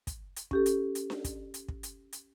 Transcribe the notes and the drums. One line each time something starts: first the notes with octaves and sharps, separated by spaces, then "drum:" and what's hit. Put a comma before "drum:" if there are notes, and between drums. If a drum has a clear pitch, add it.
drum: kick, hi-hat
drum: hi-hat
C#4 G4 A4, drum: kick
drum: hi-hat
drum: hi-hat
drum: snare D4
drum: kick, hi-hat
drum: hi-hat
drum: kick
drum: hi-hat
drum: hi-hat